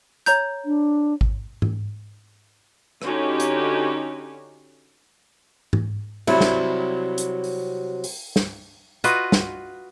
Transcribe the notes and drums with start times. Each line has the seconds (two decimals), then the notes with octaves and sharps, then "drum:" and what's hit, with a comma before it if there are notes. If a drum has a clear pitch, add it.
0.26 C#5 A#5 G6, drum: hi-hat
0.65 D4
1.21 drum: kick G#1
1.62 drum: tom G#2
3.02 D3 C#4 D#4 F#4 G4, drum: rim click
3.40 drum: hi-hat
5.73 drum: tom G#2
6.27 C3 F#3 G3 E4, drum: cymbal
6.41 drum: snare
7.18 drum: hi-hat
7.44 drum: open hi-hat
8.04 drum: open hi-hat
8.36 drum: snare
9.04 F4 F#4 B4 D#5, drum: hi-hat
9.32 drum: snare